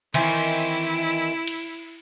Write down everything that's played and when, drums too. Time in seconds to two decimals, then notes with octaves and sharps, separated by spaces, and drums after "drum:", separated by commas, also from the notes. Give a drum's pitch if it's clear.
0.14 D#3 E3 C4 E4, drum: cymbal
1.48 drum: cymbal